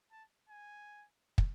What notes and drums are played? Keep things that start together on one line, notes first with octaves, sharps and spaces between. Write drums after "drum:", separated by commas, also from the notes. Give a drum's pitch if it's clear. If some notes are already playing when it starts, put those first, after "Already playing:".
A5
G#5
drum: kick